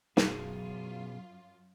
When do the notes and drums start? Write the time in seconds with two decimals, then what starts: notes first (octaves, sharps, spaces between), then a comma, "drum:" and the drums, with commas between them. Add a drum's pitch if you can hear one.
0.17 F#2 B2 F4 G#4, drum: snare